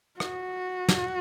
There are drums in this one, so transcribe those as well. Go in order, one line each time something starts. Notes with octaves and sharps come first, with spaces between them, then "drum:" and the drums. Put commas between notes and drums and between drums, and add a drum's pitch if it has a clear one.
F#4, drum: rim click
drum: snare